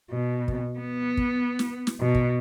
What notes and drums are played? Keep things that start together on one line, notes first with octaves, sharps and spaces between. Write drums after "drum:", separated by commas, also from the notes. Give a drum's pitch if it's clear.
B2
drum: kick
B3
drum: kick
drum: snare
drum: snare
B2
drum: kick